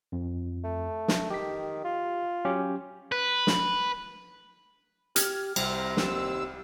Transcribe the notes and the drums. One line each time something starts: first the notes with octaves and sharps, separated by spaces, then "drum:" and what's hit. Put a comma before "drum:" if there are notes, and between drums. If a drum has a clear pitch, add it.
F2
A3
drum: snare
D#3 G4 B6
F4
F#3 C#4 G4
B4
drum: snare
G4 F6 G#6, drum: hi-hat
C2 C3 G3 C4 A#5, drum: cymbal
D#2 E6, drum: snare